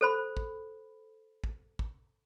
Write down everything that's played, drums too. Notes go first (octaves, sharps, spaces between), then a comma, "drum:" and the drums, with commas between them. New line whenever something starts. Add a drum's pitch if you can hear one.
A4 C5 B5
drum: kick
drum: kick
drum: kick